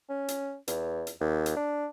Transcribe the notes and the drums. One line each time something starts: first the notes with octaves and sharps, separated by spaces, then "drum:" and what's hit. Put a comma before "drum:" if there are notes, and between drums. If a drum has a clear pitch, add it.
C#4
drum: hi-hat
E2, drum: hi-hat
drum: hi-hat
D#2
drum: hi-hat
D4